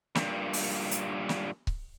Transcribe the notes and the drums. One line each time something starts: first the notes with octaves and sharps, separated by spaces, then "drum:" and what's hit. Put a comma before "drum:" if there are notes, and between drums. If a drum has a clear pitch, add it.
G2 A#2, drum: snare
drum: open hi-hat
drum: hi-hat
drum: snare
drum: kick C#1